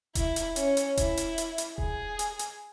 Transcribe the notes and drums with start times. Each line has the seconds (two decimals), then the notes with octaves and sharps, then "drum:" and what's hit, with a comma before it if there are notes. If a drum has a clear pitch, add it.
0.15 E4, drum: kick E1, hi-hat
0.36 drum: hi-hat
0.56 C#4, drum: hi-hat
0.77 drum: hi-hat
0.97 E4, drum: kick E1, hi-hat
1.17 drum: hi-hat
1.38 drum: hi-hat
1.58 drum: hi-hat
1.78 G#4, drum: kick E1
2.19 drum: hi-hat
2.39 drum: hi-hat